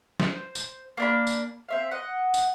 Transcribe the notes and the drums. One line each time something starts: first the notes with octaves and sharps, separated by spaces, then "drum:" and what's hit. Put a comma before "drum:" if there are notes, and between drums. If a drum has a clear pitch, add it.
C5, drum: snare
drum: tambourine
A#3 D4 B5
drum: tambourine
C4 E5 F5
D#5 F#5
drum: tambourine